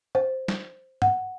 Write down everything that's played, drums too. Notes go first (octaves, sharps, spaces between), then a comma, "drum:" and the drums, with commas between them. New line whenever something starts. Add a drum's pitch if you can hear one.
C5
drum: snare
F#5, drum: tom